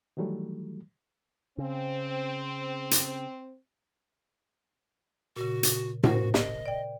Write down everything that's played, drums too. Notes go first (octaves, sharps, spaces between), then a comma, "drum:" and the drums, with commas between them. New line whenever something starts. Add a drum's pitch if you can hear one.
D#3 E3 F#3 G3 A3
C#3 C4
drum: hi-hat
A#2 C#3 F#4
drum: hi-hat
F#4 A#4 C5, drum: tom A2
D#5, drum: snare
D5 G5